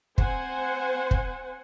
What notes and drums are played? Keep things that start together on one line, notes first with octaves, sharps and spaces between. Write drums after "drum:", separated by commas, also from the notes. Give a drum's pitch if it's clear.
C4 C5 F#5 G#5, drum: kick
drum: kick